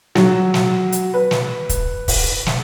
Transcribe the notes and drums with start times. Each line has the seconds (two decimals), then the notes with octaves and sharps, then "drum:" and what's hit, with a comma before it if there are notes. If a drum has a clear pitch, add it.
0.15 F#3, drum: snare
0.54 drum: snare
0.92 drum: hi-hat
1.14 B4
1.31 drum: snare
1.69 drum: kick, hi-hat
2.08 drum: kick, open hi-hat
2.46 drum: snare